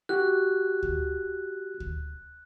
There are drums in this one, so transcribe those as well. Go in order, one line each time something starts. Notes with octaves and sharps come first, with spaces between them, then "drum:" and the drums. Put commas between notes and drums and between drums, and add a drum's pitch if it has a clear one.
F#4 G4 F#6
drum: kick
drum: kick